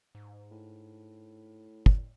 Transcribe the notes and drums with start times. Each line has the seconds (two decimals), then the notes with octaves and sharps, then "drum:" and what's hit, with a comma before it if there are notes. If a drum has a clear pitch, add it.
0.15 G#2
0.51 A2
1.86 drum: kick